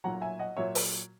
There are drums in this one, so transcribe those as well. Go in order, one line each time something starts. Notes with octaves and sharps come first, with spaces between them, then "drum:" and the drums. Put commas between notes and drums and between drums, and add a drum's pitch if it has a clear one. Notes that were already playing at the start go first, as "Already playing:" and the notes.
B1 A#2 F#3 F#5 A#5
E5 G#5
D#5 F#5
A#2 F#3 C#5 E5
drum: open hi-hat